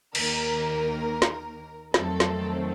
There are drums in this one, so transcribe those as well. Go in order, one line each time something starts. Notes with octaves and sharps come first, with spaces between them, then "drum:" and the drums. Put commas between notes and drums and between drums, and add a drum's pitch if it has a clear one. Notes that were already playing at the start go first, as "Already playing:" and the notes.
D#2 D#3 A#3 A#4, drum: cymbal
drum: snare
F2 D#3 F#3 A3 C4 A4, drum: snare
drum: snare